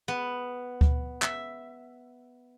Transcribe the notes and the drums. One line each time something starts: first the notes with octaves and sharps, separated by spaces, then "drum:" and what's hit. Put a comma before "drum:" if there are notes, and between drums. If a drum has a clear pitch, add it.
B3
drum: kick D2
E5, drum: clap